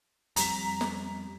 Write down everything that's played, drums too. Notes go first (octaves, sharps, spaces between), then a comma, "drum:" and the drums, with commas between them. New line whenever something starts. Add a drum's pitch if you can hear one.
F2 G3 A#5 B6, drum: hi-hat
drum: snare